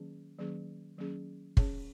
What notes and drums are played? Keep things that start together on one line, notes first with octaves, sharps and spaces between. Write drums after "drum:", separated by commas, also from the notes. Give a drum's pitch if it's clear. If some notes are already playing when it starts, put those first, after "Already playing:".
Already playing: D#3 F#3 A#3 C#4 G#4
D#3 F#3 A#3 C#4 G#4
D#3 F#3 A#3 C#4 G#4
C#4 G#4 C#5, drum: kick